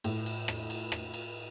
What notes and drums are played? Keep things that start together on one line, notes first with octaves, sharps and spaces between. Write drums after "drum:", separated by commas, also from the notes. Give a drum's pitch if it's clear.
A2, drum: cymbal
drum: cymbal
drum: rim click
drum: cymbal
drum: rim click
drum: cymbal